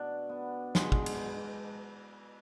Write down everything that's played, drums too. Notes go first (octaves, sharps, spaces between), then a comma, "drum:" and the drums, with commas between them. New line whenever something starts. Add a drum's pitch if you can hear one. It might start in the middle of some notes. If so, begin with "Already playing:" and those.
Already playing: B2 D4
B3
G#3, drum: snare
drum: kick
drum: cymbal